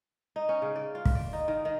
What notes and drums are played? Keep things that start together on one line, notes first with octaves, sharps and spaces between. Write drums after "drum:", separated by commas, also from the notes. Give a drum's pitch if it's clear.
D#4
C#4
C#3
D5
F4
drum: kick
D5
D#4
D#3
D#3